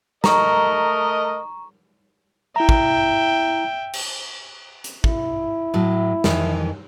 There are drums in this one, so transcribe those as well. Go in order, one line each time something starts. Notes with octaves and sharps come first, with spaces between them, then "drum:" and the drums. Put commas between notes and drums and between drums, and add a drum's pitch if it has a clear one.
A3 A#4 D#5 A#5 C#6, drum: snare
E4 E5 G5 A#5
drum: kick
drum: cymbal
drum: hi-hat
E4, drum: kick
A2 F#3
F2 D#3 E3, drum: snare